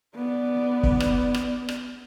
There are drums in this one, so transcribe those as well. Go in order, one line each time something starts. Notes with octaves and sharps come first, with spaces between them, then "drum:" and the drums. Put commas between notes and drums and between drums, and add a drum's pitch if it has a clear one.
B3 D5
drum: kick
drum: rim click
drum: rim click
drum: rim click